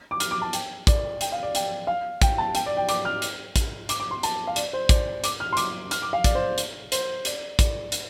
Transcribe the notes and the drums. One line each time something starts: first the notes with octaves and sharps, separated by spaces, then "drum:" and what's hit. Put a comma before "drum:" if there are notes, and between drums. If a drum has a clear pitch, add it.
D6
F6, drum: hi-hat
D6
A5
G5, drum: hi-hat
D5, drum: kick, hi-hat
G5, drum: hi-hat
F5
D5
G5, drum: hi-hat
F5
G5, drum: kick, hi-hat
A5
G5, drum: hi-hat
D5
G5
D6, drum: hi-hat
F6
drum: hi-hat
drum: kick, hi-hat
D6, drum: hi-hat
D6
C6
A5, drum: hi-hat
F5
D5, drum: hi-hat
C5
D5, drum: kick, hi-hat
D6, drum: hi-hat
F6
C6
D6, drum: hi-hat
F6, drum: hi-hat
D6
F5
D5, drum: kick, hi-hat
C5
drum: hi-hat
C5, drum: hi-hat
D5, drum: hi-hat
D5, drum: kick, hi-hat
drum: hi-hat